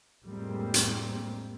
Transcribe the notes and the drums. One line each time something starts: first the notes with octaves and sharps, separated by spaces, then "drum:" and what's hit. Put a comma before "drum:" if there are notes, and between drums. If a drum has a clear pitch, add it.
F2 A2 G3 G#3 A#3 C4
drum: hi-hat